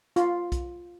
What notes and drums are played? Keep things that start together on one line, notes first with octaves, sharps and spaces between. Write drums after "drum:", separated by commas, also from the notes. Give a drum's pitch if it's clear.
F4, drum: hi-hat
drum: kick B1, hi-hat